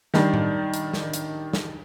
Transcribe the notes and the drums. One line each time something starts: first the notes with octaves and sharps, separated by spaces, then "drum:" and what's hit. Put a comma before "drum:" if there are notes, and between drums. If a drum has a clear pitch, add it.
D#3 G3 D4, drum: snare
drum: tom A2
drum: hi-hat
drum: snare
drum: hi-hat
drum: snare